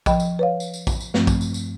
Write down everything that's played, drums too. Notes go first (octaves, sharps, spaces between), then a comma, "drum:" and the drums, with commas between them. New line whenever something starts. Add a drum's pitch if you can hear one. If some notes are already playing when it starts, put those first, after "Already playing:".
F3 D#5 G5 B5, drum: kick, tambourine
drum: tambourine
B4 C#5 F5
drum: tambourine
drum: tambourine
drum: kick, tambourine
drum: tambourine
G2 F3 A3 C4, drum: snare
drum: kick, tambourine
drum: tambourine
drum: tambourine